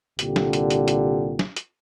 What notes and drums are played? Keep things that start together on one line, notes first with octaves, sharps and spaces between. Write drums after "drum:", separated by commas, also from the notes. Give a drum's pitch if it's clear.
C2 A#2 D3 G4, drum: hi-hat
drum: snare
drum: hi-hat
drum: hi-hat
drum: hi-hat
drum: snare
drum: hi-hat